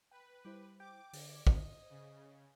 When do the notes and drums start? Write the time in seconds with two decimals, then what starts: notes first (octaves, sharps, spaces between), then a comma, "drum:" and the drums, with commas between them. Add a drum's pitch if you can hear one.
0.11 B4 G5
0.45 G3 E4 G4 C5
0.80 G5 D6
1.13 D3, drum: open hi-hat
1.47 C5 D#5, drum: kick
1.90 C#3